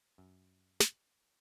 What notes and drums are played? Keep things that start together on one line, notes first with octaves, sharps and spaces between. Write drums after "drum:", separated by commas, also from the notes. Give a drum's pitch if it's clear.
F#2
drum: snare